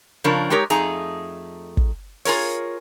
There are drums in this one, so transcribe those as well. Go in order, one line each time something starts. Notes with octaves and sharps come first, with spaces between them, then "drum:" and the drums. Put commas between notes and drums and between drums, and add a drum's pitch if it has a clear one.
C#3 F3 D4 A#4 C#5
G#3 D#4 G4 A#4 C#5
F2 A3 D#4 G#4 A#5, drum: hi-hat
drum: kick
F4 G#4 A#4 C#5, drum: open hi-hat